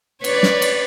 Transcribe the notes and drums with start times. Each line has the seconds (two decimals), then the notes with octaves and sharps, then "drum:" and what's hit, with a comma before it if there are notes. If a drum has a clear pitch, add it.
0.24 B4 C#5 D5, drum: cymbal
0.43 drum: snare
0.62 drum: cymbal